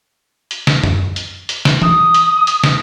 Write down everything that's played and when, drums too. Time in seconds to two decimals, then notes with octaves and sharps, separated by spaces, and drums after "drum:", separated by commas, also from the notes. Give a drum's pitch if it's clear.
0.51 drum: hi-hat
0.67 drum: snare
0.84 drum: tom
1.16 drum: hi-hat
1.49 drum: hi-hat
1.65 drum: snare
1.82 D#6, drum: tom
2.14 drum: hi-hat
2.47 drum: hi-hat
2.64 drum: snare